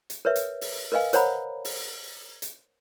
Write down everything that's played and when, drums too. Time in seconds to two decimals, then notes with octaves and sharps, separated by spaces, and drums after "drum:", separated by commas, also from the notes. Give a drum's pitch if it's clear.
0.10 drum: hi-hat
0.25 A#4 B4 C#5 E5
0.36 drum: hi-hat
0.61 drum: open hi-hat
0.92 A#4 B4 D#5 F5 G#5
1.13 A#4 C5 C#5 F#5 A#5 B5, drum: hi-hat
1.65 drum: open hi-hat
2.42 drum: hi-hat